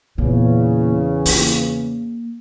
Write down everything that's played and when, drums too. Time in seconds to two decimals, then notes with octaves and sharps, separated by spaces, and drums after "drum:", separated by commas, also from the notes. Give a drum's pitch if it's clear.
0.18 E2 A#2 C#3
1.26 A#3, drum: open hi-hat